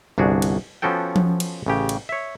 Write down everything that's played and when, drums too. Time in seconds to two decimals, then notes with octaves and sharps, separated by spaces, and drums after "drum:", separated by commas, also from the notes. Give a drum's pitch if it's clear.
0.18 G1 C2 D4 F#4 G#4
0.42 drum: cymbal
0.82 F3 B3 C#4 F#4 A4 G5
1.16 drum: tom F3
1.40 drum: cymbal
1.66 A1 C#3 G4
1.89 drum: cymbal
2.09 C#5 E5